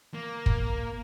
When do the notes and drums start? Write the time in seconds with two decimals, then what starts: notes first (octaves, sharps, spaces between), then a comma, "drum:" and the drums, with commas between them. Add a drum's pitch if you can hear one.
0.14 A#3
0.46 drum: kick